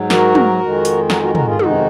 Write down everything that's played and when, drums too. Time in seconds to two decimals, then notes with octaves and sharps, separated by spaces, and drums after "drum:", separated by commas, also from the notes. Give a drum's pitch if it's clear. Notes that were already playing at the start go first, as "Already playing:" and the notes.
Already playing: G#2 F#3
0.10 F#4 A#4, drum: snare
0.35 drum: tom
0.60 F2 D#3 G#3
0.85 drum: hi-hat
1.10 F#4 A#4, drum: snare
1.22 F#4 A#4
1.35 F#4 A#4, drum: tom
1.47 F4 G#4
1.59 F2 C3 D#3 G#3 D#4 F#4, drum: tom